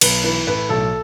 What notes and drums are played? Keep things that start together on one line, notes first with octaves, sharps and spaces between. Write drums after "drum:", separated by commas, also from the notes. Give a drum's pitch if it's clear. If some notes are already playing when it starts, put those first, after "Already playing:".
B1 B4, drum: cymbal
E3 B4
A2 B4
B1 A4